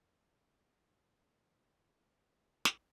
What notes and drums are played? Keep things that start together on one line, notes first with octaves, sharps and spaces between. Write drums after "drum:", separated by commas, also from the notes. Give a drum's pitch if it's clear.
B3
B2
drum: snare